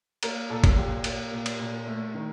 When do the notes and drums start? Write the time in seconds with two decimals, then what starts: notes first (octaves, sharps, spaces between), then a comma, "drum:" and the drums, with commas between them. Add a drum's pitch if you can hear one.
0.23 A#3 A#4 A#5, drum: cymbal
0.50 A#2 A4 A5
0.64 drum: kick, cymbal
0.77 A#2 G4 G5
1.04 A#3, drum: cymbal
1.32 A#2
1.46 drum: cymbal
1.59 A#2
1.87 A3
2.15 D#3